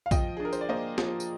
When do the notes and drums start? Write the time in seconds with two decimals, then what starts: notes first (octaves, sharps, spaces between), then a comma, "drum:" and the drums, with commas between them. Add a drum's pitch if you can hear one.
0.06 F5
0.11 F3 D#5 G5, drum: kick A#1, tambourine
0.37 D4 G#4
0.45 A#4
0.53 C5, drum: tambourine
0.61 D5
0.69 A#3 C5 D#5
0.98 F3, drum: snare
1.20 drum: tambourine